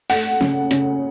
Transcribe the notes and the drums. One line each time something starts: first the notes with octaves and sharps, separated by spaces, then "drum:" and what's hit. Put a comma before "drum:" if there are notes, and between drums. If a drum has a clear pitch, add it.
A3 F#5, drum: open hi-hat
C#3, drum: snare
C#3, drum: hi-hat